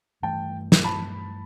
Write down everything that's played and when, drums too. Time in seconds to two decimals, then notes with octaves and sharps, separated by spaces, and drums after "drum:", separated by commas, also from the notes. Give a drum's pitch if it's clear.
0.22 G2 E3 A3 G5 A5
0.72 drum: snare
0.84 A5 B5